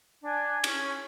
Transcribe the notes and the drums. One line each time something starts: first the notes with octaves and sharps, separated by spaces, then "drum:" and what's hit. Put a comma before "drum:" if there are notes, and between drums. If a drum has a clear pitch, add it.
D4 G#5
C#4, drum: cymbal